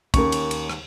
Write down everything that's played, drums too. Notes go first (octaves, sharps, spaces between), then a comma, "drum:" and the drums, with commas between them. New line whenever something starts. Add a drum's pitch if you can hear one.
D#2 C#4 A#4 C#6, drum: kick, cymbal
drum: cymbal
drum: cymbal
drum: rim click